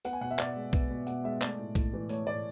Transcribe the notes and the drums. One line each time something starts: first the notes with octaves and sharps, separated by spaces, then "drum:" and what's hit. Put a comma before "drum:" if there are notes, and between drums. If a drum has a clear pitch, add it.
B3 F#5, drum: tambourine
G#5
B2 F#5
E5
B2 D5, drum: clap
G#3
B3, drum: kick B1, tambourine
B2
B2 F#5, drum: tambourine
G#3 E5
A3 D5, drum: clap
A2
A2, drum: kick B1, tambourine
E3
A3 C#5, drum: tambourine
A2 D5